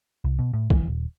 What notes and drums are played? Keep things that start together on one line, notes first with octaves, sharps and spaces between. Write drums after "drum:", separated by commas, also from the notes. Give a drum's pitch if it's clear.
C2
B2
A2
E3, drum: kick
D#1